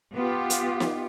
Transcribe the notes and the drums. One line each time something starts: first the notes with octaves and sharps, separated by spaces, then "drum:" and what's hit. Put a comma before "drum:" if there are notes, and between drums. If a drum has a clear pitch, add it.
B3 F4 G4
drum: hi-hat
drum: snare